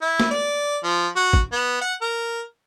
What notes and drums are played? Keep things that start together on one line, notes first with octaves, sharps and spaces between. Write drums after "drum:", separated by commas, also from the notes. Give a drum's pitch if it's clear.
E4
drum: snare A#3
D5
F3
F#4
drum: kick
B3
F#5
A#4